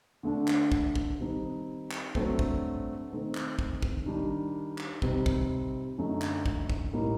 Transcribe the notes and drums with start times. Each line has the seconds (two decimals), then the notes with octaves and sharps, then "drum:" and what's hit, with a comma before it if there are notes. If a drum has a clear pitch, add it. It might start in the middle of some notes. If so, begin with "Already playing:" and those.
0.23 D3 A3 D4
0.48 drum: clap
0.72 drum: kick
0.95 drum: kick
1.20 D#3 G3 C4 D#4
1.91 drum: clap
2.15 G2 F#3 A3 C4, drum: kick
2.39 drum: kick
3.11 D#3 A3 C4 D#4
3.35 drum: clap
3.59 drum: kick
3.83 drum: kick
4.06 D#3 G3 D4
4.78 drum: clap
5.02 C3 G3 C4 D#4, drum: kick
5.26 drum: kick
5.98 F#2 D3 A3 D#4
6.22 drum: clap
6.46 drum: kick
6.70 drum: kick
6.93 A2 G3 A#3 D#4